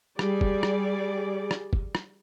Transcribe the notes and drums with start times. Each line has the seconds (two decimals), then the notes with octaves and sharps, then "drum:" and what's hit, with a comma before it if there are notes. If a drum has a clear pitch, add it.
0.19 G3 G#4 D5, drum: rim click
0.41 drum: kick
0.63 drum: rim click
1.51 drum: rim click
1.73 drum: kick
1.95 drum: rim click